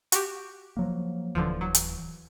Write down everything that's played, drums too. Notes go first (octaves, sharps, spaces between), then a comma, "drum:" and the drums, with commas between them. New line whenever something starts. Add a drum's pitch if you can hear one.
F#4 G4, drum: hi-hat
F3 F#3 A#3
D1 D3 E3 F3
F#3
drum: hi-hat